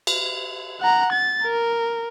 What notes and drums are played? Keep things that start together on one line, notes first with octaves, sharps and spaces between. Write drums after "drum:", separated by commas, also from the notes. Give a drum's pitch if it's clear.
drum: cymbal
F#5 A#5
A6
A#4